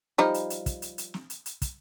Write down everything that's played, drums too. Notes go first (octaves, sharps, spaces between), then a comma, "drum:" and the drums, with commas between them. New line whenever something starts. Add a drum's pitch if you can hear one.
F3 G3 D#4, drum: snare
drum: hi-hat
drum: hi-hat
drum: kick, hi-hat
drum: hi-hat
drum: hi-hat
drum: snare
drum: hi-hat
drum: hi-hat
drum: kick, hi-hat